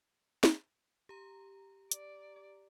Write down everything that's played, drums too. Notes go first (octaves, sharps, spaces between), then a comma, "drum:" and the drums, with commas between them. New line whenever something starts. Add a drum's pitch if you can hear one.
drum: snare
G4 A#5
D5, drum: hi-hat